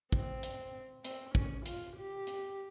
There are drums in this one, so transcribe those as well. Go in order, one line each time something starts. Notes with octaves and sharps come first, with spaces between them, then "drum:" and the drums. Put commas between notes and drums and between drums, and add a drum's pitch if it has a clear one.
C4, drum: kick
drum: hi-hat
C4, drum: hi-hat
C#4, drum: kick
F4, drum: hi-hat
G4
drum: hi-hat